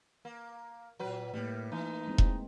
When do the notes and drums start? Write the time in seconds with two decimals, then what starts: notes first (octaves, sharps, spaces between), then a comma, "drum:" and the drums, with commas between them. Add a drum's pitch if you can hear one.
0.25 A#3
0.99 A#2 F#3 B4
1.34 A2 G3 A3 A#3
1.72 E3 D#4
2.08 G#3 C4
2.18 drum: kick E1